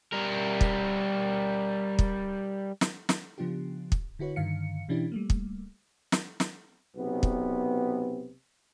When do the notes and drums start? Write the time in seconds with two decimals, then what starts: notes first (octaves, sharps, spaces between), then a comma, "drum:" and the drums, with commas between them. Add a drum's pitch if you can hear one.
0.13 G3 A#4
0.61 drum: kick
1.99 drum: kick
2.81 drum: snare
3.09 drum: snare
3.38 C#3 F3 B3 D4 F4 G4
3.92 drum: kick
4.19 D3 E4 F#4 B4 C#5
4.36 G2 D3 D#3 F5 C#7
4.88 B2 E3 C#4 D4 E4 G4
5.12 G3 A3 A#3
5.30 drum: kick
6.12 drum: snare
6.40 drum: snare
6.96 B1 C3 B3
7.23 drum: kick